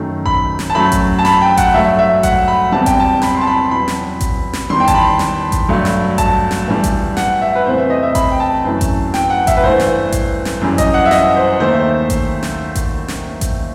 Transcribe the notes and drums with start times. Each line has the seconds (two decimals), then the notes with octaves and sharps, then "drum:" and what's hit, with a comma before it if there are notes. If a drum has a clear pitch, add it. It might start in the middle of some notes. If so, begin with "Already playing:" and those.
Already playing: F#2 D#3 A3
0.26 B5, drum: kick A1
0.59 drum: snare
0.70 A5
0.75 F#2 F#3 A3 B5
0.92 drum: kick A1, hi-hat
1.19 A5
1.25 B5, drum: snare
1.41 G5
1.57 F#5, drum: kick A1, hi-hat
1.74 G2 F#3 A3 E5
1.99 E5
2.23 F#5, drum: kick A1, hi-hat
2.48 B5
2.72 E2 C3 E3 G3 A5
2.86 G5, drum: kick A1, hi-hat
3.00 A5
3.22 B5, drum: snare
3.35 C6
3.41 A5
3.47 B5
3.71 E2 B2 F#3 B5
3.88 drum: snare
4.21 drum: kick A1, hi-hat
4.53 drum: snare
4.70 E2 D#3 G3 C6
4.80 G5
4.88 A5, drum: kick A1, hi-hat
4.95 B5
5.19 drum: snare
5.52 drum: kick A1, hi-hat
5.69 G2 F#3 A3
5.85 drum: snare
6.18 A5, drum: kick A1, hi-hat
6.51 drum: snare
6.67 A2 E3 G3
6.84 drum: kick A1, hi-hat
7.17 F#5, drum: snare
7.42 E5
7.55 B4
7.65 E2 C3 E3 A3 C5
7.78 E5
7.90 D#5
8.03 E5
8.15 B5, drum: kick A1, hi-hat
8.32 G5
8.40 A5
8.65 F#2 E3 A3
8.81 drum: kick A1, hi-hat
9.14 G5, drum: snare
9.30 F#5
9.47 E5, drum: kick A1, hi-hat
9.57 B4
9.63 G2 E3 A3 C5
9.80 drum: snare
10.12 drum: kick A1, hi-hat
10.45 drum: snare
10.61 F#2 E3 G3
10.78 D#5, drum: kick A1, hi-hat
10.94 F#5
11.06 E5
11.11 D#5, drum: snare
11.36 C5
11.60 D#2 D#3 A3 C5
11.73 E5
12.10 drum: kick A1, hi-hat
12.43 drum: snare
12.75 drum: kick A1, hi-hat
13.08 drum: snare
13.41 drum: kick A1, hi-hat